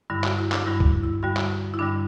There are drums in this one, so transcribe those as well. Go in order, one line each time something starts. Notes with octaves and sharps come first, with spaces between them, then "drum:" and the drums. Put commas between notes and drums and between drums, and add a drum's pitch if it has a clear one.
G2 D3 G3 E4
F#4, drum: clap
E4
D4, drum: clap
G2 D3 G3 E4
drum: kick C2
E4
G2 D3 G3 F#4
drum: clap
E4
G2 D3 G3 D4